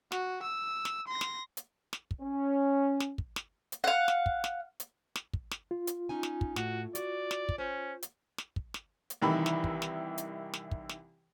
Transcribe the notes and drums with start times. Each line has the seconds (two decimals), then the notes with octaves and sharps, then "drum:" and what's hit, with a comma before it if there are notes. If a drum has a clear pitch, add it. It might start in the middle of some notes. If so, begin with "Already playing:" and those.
0.12 F#4, drum: snare
0.43 E6
0.85 drum: snare
1.08 C6 A#6
1.21 drum: snare
1.57 drum: hi-hat
1.93 drum: snare
2.11 drum: kick
2.21 C#4
3.00 drum: snare
3.18 drum: kick
3.36 drum: snare
3.72 drum: hi-hat
3.84 F5 F#5
4.08 drum: snare
4.26 drum: kick
4.44 drum: snare
4.80 drum: hi-hat
5.16 drum: snare
5.33 drum: kick
5.51 drum: snare
5.71 F4
5.87 drum: hi-hat
6.09 C#4 D#4 G#5
6.23 drum: snare
6.41 drum: kick
6.56 A2 F#4, drum: snare
6.95 F#4 D5, drum: hi-hat
7.31 drum: snare
7.49 drum: kick
7.58 C#4 C5
8.02 drum: hi-hat
8.38 drum: snare
8.56 drum: kick
8.74 drum: snare
9.10 drum: hi-hat
9.22 C2 D#3 E3 E4 B5
9.46 drum: snare
9.64 drum: kick
9.82 drum: snare
10.18 drum: hi-hat
10.54 drum: snare
10.71 drum: kick
10.89 drum: snare